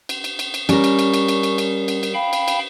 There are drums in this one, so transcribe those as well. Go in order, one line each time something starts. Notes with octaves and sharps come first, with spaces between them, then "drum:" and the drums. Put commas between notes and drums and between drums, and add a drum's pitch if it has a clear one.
drum: cymbal
drum: cymbal
drum: cymbal
drum: cymbal
G3 C#4 A#4 C#6, drum: cymbal
drum: cymbal
drum: cymbal
drum: cymbal
drum: cymbal
drum: cymbal
drum: cymbal
drum: cymbal
drum: cymbal
F5 G5 B5
drum: cymbal
drum: cymbal